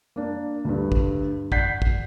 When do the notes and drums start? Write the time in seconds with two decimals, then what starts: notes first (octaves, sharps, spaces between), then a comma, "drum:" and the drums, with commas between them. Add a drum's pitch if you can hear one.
0.16 A#3 D4
0.65 D2 G2
0.92 drum: kick
1.52 D5 F#5 G6 B6 C7, drum: kick
1.82 drum: kick